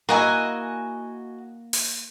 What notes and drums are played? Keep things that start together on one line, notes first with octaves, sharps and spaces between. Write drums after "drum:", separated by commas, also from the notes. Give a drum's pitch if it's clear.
A#3 E4 F#4 D#5 G#5
drum: open hi-hat